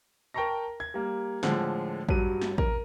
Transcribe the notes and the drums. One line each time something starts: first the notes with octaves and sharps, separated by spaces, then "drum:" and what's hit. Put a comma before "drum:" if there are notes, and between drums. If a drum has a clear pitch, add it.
A#4 G5 A5 A#5 C#6 A#6
G#6
G3 A#3
A2 D3 F3 G#3, drum: snare
G2 F#3 D#7, drum: kick A1
drum: snare
A#4, drum: kick A1